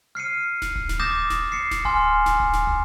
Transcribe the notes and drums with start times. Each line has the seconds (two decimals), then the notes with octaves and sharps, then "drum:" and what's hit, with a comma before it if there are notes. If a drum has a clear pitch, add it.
0.15 F6 C7 C#7 D#7
0.62 drum: snare D#1
0.76 drum: kick D1
0.89 drum: snare D#1
1.00 D6 D#6 G6 A6 A#6 E7
1.30 drum: snare D#1
1.52 C7 C#7
1.71 drum: snare D#1
1.85 G#5 C6 F6, drum: kick D1
2.26 drum: snare D#1
2.40 drum: kick D1
2.53 drum: snare D#1
2.67 drum: tom